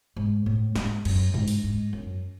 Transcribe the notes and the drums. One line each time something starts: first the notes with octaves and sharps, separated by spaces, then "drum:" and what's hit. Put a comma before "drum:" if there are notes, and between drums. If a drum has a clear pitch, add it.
G#2
A2
G#2, drum: snare
F#2, drum: cymbal
G#2, drum: tom G2
drum: open hi-hat
G#2
F#2